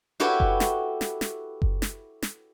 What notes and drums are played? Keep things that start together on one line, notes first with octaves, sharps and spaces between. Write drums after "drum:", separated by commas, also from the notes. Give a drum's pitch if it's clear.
E4 F#4 G4 A4 B4 C#5
drum: kick F#1
drum: snare
drum: snare
drum: snare
drum: kick F#1
drum: snare
drum: snare